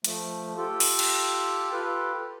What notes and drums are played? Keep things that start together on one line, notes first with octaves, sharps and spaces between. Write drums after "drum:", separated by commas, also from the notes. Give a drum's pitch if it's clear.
F3 A3, drum: hi-hat
F4 G4 A4
drum: open hi-hat
drum: cymbal
F4 G4 A4 B4 F5